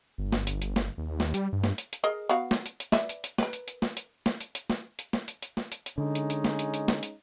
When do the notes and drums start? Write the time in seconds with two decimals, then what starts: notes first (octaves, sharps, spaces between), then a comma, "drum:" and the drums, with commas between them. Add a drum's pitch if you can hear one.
0.18 G1
0.32 drum: snare
0.47 drum: hi-hat
0.62 drum: hi-hat
0.76 drum: snare
0.98 D#2
1.20 drum: snare
1.34 G3, drum: hi-hat
1.53 G2
1.64 drum: snare
1.78 drum: hi-hat
1.93 drum: hi-hat
2.04 G#4 A#4 D#5
2.29 B3 F#4 F5
2.51 drum: snare
2.66 drum: hi-hat
2.80 drum: hi-hat
2.92 B4 D5 E5, drum: snare
3.09 drum: hi-hat
3.24 drum: hi-hat
3.38 A#4 B4, drum: snare
3.53 drum: hi-hat
3.68 drum: hi-hat
3.82 drum: snare
3.97 drum: hi-hat
4.26 drum: snare
4.40 drum: hi-hat
4.55 drum: hi-hat
4.70 drum: snare
4.99 drum: hi-hat
5.13 drum: snare
5.28 drum: hi-hat
5.42 drum: hi-hat
5.57 drum: snare
5.72 drum: hi-hat
5.86 drum: hi-hat
5.98 D3 G#3 C#4 D#4
6.15 drum: hi-hat
6.30 drum: hi-hat
6.44 drum: snare
6.59 drum: hi-hat
6.74 drum: hi-hat
6.88 drum: snare
7.03 drum: hi-hat